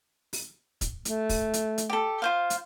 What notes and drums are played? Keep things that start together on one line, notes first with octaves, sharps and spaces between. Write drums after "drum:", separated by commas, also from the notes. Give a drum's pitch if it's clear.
drum: open hi-hat
drum: kick, hi-hat
A3, drum: hi-hat
drum: kick, open hi-hat
drum: hi-hat
drum: hi-hat
G4 A4
F4 C5 F5
drum: hi-hat